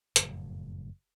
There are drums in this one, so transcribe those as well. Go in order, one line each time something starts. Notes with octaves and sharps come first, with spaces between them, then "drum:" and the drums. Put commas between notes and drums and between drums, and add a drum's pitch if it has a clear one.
F#1 F2 A2, drum: hi-hat